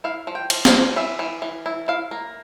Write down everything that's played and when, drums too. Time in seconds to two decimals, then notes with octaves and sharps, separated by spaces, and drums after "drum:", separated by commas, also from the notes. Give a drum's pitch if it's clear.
0.04 E4 F5
0.27 F3
0.35 G5
0.50 F3, drum: cymbal
0.65 F5, drum: snare
0.73 F3
0.96 E3 E5
1.19 E3
1.42 E3
1.66 E4
1.88 E4 F5
2.11 A#3